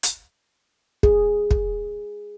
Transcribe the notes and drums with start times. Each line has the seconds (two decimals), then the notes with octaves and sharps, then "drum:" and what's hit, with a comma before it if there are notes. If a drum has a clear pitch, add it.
0.03 drum: hi-hat
1.03 G#4, drum: kick
1.51 drum: kick